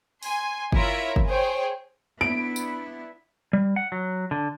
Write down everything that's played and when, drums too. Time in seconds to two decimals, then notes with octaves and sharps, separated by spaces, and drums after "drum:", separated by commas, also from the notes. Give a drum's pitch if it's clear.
0.23 G#5 C6, drum: open hi-hat
0.72 E4 F4 A#4 C#5 E5 B5, drum: kick G1
1.16 drum: kick G1
1.26 G#4 C5 C#5 G5
2.21 B3 D4 E4 D7
2.56 drum: tambourine
3.53 G3
3.76 F#5
3.92 F#3
4.31 D3